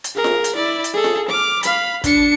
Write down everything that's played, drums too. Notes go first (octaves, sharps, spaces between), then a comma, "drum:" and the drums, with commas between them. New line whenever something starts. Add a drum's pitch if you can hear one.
drum: hi-hat
G#4 A#4
drum: snare F4
drum: hi-hat
E4 D5
drum: hi-hat
G#4 A4
drum: snare F4
D6 F6
F5 B5, drum: hi-hat
D4 C#7, drum: kick, hi-hat